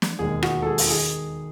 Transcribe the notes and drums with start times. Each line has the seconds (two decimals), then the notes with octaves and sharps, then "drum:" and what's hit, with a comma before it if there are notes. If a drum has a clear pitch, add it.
0.02 drum: snare
0.19 E1 D#2 D#3 G#3 G#4
0.43 F#4, drum: rim click
0.62 A4
0.66 G#4
0.78 drum: open hi-hat
0.90 D#3 G#4